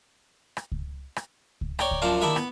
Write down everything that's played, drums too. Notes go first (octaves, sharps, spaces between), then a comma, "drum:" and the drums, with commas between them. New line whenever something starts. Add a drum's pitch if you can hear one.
drum: rim click
drum: kick C#2
drum: rim click
drum: kick C#2
C#5 D5 G5 A#5, drum: rim click
drum: kick C#2
F#2 F3 D4 F4 F5 A#5
D#2 D4 E4 A#4 E5 D#6
B3, drum: rim click